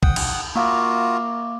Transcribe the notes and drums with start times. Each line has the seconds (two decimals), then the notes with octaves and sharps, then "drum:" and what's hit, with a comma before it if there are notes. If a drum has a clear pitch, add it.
0.03 F#5 G5 D#6, drum: kick
0.16 drum: cymbal
0.55 A#3 F4 F#4 A#4 F5 D6